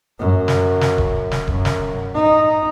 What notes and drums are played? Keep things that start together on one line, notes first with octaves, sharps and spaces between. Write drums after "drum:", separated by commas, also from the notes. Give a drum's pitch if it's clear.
F#2
drum: snare
drum: snare
drum: kick D#1
drum: snare
F#2, drum: kick D#1
drum: snare
D#4